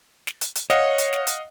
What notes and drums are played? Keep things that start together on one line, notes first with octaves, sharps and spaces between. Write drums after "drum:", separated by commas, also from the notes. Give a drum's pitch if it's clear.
drum: snare
drum: hi-hat
drum: hi-hat
C#5 D#5 F5 F#5, drum: snare
drum: hi-hat
drum: snare
drum: hi-hat